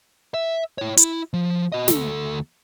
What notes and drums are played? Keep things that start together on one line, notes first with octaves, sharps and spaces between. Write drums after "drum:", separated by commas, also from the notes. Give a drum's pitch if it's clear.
E5
E4 C#5
E4, drum: hi-hat
F3
F#4 D#5
D2 A4, drum: snare